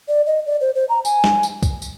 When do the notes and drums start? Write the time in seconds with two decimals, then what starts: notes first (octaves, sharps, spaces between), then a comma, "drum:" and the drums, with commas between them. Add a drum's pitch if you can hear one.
0.08 D5
0.26 D#5
0.46 D5
0.61 C5
0.75 C5
0.89 A#5
1.05 G#5, drum: tambourine
1.24 drum: snare
1.43 drum: tambourine
1.63 drum: kick C#2, tambourine
1.82 drum: tambourine